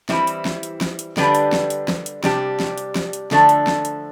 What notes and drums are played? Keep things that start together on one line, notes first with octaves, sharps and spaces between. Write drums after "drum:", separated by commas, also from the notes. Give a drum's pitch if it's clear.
E3 G3 C4 E4, drum: snare
drum: hi-hat
drum: snare
drum: hi-hat
drum: snare
drum: hi-hat
D3 G3 D4 G4 B4, drum: snare
drum: hi-hat
drum: snare
drum: hi-hat
drum: snare
drum: hi-hat
C3 G3 D4 G4, drum: snare
drum: snare
drum: hi-hat
drum: snare
drum: hi-hat
D3 F3 A3 D4 A4, drum: snare
drum: hi-hat
drum: snare
drum: hi-hat